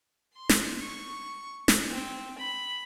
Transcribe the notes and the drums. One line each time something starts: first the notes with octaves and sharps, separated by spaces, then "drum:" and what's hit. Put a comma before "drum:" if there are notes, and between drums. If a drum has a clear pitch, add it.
C6
drum: snare
C#6
drum: snare
C4
B5